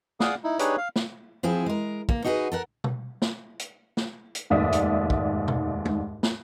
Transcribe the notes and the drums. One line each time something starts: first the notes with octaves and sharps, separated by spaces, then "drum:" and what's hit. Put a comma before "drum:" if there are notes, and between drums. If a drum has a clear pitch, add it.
G#4 D5 F5 F#5 D6 D#6, drum: snare
D#4 E4
D4 D#4 G4 G#4 B4 C#5, drum: hi-hat
F5
drum: snare
F3 C4 E4 G#4
G#3 A#4
A#3, drum: kick
D#4 F#4 G#4 A4 B4
A4 A#4 F#5
drum: tom B2
drum: snare
drum: hi-hat
drum: snare
drum: hi-hat
F1 D#2 G#2 D5 E5 D#6
drum: hi-hat
drum: kick
drum: tom B2
drum: tom
drum: snare